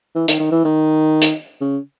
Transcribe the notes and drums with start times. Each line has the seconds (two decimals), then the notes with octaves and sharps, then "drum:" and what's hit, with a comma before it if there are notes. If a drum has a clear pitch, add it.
0.15 E3
0.28 D#3, drum: hi-hat
0.40 D#3
0.52 E3
0.65 D#3
1.21 drum: hi-hat
1.61 C#3